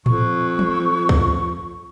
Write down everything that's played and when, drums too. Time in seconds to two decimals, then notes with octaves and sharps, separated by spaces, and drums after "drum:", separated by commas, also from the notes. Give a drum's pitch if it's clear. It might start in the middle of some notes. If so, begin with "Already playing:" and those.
0.06 F2 C#6, drum: tom A2
0.59 drum: tom F3
1.09 drum: kick